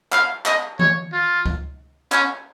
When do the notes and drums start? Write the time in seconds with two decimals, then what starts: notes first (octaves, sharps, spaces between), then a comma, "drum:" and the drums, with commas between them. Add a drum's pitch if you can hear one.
0.12 F5, drum: clap
0.46 D#5, drum: clap
0.79 C#5, drum: tom D#3
1.12 F4
1.46 drum: kick C#2
2.12 C#4, drum: clap